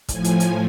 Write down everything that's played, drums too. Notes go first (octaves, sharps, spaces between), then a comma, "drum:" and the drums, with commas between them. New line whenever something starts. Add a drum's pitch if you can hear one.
A2 F3 G#5, drum: kick, hi-hat
drum: hi-hat
drum: hi-hat